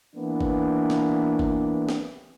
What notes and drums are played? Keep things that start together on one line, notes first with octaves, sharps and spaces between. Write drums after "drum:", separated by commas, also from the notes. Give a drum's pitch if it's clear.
E3 A#3 B3 D4
drum: kick G1
drum: snare
drum: kick G1
drum: snare